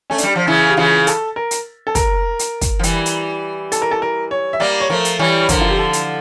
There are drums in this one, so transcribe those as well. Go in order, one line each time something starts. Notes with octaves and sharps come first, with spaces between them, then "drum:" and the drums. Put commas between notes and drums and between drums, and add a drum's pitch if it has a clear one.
A3 C#4
D4, drum: hi-hat
G3
F3
C#3 E3 E4
G4
C#3 E3 F4
A4, drum: hi-hat
A#4
drum: hi-hat
A4
A#4, drum: kick, hi-hat
drum: hi-hat
drum: kick, hi-hat
F3
E3 G3, drum: hi-hat
drum: hi-hat
A4, drum: hi-hat
A#4
A4
A#4
C#5
E5
G3 A#3 D5
C#5
F3 A3 A#4
drum: hi-hat
E3 G3 C#5
C#5
D3 F3 A#4, drum: kick, hi-hat
F4
G4
A4
drum: hi-hat